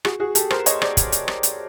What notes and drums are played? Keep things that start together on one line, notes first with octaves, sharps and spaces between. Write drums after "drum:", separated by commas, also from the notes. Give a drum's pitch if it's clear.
F#4 G#4, drum: rim click
F#4 G#4
G4 A4, drum: hi-hat
A#4 C5, drum: rim click
C#5 D#5, drum: hi-hat
C5 D5, drum: rim click
drum: kick, hi-hat
drum: hi-hat
drum: rim click
drum: hi-hat